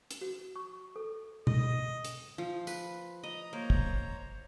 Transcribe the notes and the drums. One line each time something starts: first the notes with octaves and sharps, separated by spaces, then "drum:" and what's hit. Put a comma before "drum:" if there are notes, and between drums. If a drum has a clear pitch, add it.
drum: hi-hat
F#4
C#6
A4
D#5, drum: tom B2
drum: hi-hat
F3
B4, drum: tambourine
D#5 A#5 D#6
A#3 C5 C#5 A#5
drum: kick